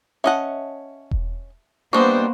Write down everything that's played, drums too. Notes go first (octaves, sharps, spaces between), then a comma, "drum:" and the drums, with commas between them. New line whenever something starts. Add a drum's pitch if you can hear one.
C#4 D#5 E5 F#5 A5
drum: kick E1
G3 A#3 B3 D4 C5 D#5 C#6